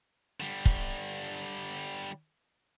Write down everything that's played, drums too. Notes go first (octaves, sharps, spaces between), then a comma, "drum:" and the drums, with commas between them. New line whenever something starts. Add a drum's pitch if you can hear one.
D3 G3
drum: kick